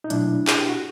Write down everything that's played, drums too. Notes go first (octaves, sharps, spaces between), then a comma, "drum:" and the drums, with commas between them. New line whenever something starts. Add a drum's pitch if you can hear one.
D#4
B2 F#3 A3 D4 E4, drum: hi-hat
G#4, drum: clap
G4
F#4